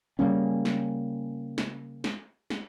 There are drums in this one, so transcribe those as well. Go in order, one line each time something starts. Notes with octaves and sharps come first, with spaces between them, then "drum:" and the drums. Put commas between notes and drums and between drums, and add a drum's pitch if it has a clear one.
C#3 G3 A#3 C#4
drum: snare
drum: snare
drum: snare
drum: snare